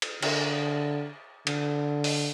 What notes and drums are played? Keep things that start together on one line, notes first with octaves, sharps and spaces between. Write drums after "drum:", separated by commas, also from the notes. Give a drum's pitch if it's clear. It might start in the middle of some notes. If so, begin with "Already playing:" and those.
drum: cymbal
D3, drum: cymbal
D3, drum: cymbal
drum: open hi-hat